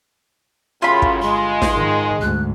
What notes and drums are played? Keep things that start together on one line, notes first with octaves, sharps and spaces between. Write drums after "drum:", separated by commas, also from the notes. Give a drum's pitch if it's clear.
F#2 A2 C#3 F4 B5 C6
drum: kick
G1 G#3 C6
drum: snare
G#2 D#3
D2 G#2 F#6